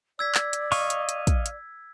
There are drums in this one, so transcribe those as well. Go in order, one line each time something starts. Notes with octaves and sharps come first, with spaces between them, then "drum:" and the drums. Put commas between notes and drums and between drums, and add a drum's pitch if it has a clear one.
D5 E6 G#6 B6
drum: clap
drum: hi-hat
D#5 F5 C#6, drum: open hi-hat
drum: hi-hat
drum: hi-hat
drum: kick, hi-hat
drum: hi-hat